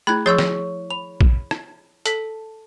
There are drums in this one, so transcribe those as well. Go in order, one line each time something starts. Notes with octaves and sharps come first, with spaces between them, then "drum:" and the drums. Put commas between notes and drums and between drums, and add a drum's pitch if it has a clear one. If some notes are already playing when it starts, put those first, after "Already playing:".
A3 E4 G#4 B5 F#6 G#6
F3 G#4 C#5 C6 C#6 E6 G6 A6
drum: snare
B5 F7
drum: kick A#1
drum: rim click
A4 A5 B6, drum: hi-hat